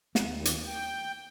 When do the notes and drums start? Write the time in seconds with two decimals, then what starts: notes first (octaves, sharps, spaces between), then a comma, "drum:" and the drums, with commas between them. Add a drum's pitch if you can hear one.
0.15 D#2, drum: snare
0.45 drum: hi-hat
0.66 G5